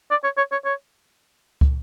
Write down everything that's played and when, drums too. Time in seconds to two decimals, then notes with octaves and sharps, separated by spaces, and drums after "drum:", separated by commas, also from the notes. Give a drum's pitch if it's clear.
0.11 D5
0.24 C#5
0.37 C#5
0.52 C#5
0.65 C#5
1.61 drum: kick